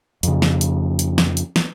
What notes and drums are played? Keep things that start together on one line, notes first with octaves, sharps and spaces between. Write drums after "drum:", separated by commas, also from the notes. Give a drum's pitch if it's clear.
F2 C#3, drum: hi-hat
drum: snare
drum: hi-hat
drum: hi-hat
drum: snare
drum: hi-hat
drum: snare